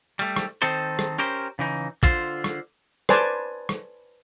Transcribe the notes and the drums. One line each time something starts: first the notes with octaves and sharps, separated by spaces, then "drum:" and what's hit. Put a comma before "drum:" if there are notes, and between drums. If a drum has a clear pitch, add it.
G3 A3
drum: rim click
D#3 C4 D#4 A4 C5
drum: rim click
C#4 G4 A#4 C5
C#3 E3 D#4
D3 F4 C5, drum: kick
drum: rim click
B4 C5 D5 G#5 A5, drum: rim click
drum: rim click